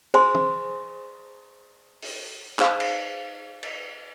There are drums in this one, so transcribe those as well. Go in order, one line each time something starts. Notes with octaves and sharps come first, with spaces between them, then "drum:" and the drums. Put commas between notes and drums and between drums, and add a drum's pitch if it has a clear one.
G#4 C5 G#5 C6, drum: cymbal
drum: tom
drum: open hi-hat
D#4 G#4 C5 F5, drum: clap
drum: cymbal
drum: cymbal